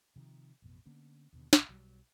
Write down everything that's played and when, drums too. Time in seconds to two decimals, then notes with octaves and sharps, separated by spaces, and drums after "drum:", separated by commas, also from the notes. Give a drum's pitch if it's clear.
0.16 C3 D#3 F3
0.62 A1 F2 B2
0.86 D3 A#3 B3 C#4
1.33 D#2 B2 D3
1.53 B1, drum: snare
1.69 B1 F#3 G3